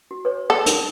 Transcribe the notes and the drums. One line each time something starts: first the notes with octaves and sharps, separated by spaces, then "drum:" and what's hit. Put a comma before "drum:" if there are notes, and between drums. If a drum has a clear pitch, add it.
F#4
B4 C#5
A4
A#4, drum: hi-hat